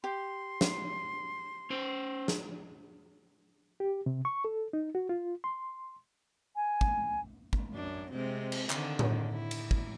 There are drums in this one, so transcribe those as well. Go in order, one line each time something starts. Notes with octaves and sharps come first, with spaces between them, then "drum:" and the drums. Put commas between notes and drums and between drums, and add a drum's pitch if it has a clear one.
G4 C6
drum: snare
C#4 C5
drum: snare
G4
C3
C#6
A4
D#4
F#4
F4
C6
G#5
drum: kick
drum: kick
F#2 D4
C3 G#3 C4
drum: cymbal
D3 D#3, drum: clap
drum: tom A2
E4
drum: cymbal
drum: kick